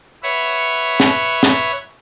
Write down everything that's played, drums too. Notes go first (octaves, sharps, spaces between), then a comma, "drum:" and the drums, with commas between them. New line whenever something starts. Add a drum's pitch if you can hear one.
B4 C#5 E5 F#5
drum: snare
drum: snare